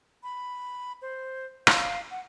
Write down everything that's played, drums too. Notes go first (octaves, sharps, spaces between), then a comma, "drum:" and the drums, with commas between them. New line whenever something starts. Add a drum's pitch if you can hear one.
B5
C5
F5, drum: rim click
F#5